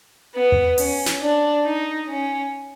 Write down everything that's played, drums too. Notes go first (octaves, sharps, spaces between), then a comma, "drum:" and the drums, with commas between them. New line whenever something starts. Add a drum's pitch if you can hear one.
B3
drum: tom D#2
C#4, drum: open hi-hat
drum: snare
D4
D#4
C#4